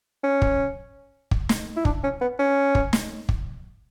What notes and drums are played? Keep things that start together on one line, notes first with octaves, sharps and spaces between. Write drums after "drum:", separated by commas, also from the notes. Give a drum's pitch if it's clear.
C#4
drum: kick
drum: kick
drum: snare
E4
D4, drum: kick
C#4
B3
C#4
drum: kick
drum: snare
drum: kick